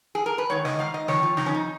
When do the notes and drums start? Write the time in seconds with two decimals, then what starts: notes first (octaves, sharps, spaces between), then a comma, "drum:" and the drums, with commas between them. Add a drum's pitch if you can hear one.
0.15 G#4
0.26 A#4
0.38 B4
0.50 G#2 D#3 C#5
0.65 D#5, drum: snare
0.79 G#2 D#3 F5
0.94 D#5
1.08 F2 D#3 C#5, drum: snare
1.23 F4
1.37 F2 D#3 D#4, drum: snare
1.46 C#4
1.54 D#4